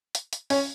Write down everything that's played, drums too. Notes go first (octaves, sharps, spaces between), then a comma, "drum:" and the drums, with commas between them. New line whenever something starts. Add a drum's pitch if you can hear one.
drum: hi-hat
drum: hi-hat
C#4, drum: open hi-hat